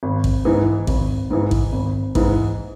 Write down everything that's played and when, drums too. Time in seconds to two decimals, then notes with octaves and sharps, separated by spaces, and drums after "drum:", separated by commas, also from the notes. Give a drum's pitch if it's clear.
0.03 G#1
0.24 drum: kick A1
0.45 G#2 E3
0.87 G#1, drum: kick A1
1.31 G#2 E3
1.51 drum: kick A1
1.72 G#1
2.15 G#2 E3, drum: kick A1